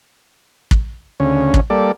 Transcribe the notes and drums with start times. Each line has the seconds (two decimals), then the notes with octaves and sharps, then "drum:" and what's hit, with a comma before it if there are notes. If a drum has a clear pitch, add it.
0.71 drum: kick
1.20 D2 C#3 C#4
1.54 drum: kick
1.70 G3 A#3 A4 D5